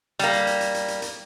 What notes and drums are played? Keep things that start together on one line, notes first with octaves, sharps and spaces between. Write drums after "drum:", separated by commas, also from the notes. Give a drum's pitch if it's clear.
G3 A#3, drum: hi-hat
drum: hi-hat
drum: hi-hat
drum: hi-hat
drum: hi-hat
drum: hi-hat
drum: hi-hat